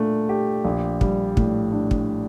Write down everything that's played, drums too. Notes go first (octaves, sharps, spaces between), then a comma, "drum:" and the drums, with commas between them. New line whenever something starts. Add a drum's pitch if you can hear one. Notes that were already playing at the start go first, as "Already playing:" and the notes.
Already playing: A#2 A3 D4
G4
A#1
G3, drum: kick
A2, drum: kick
D4
drum: kick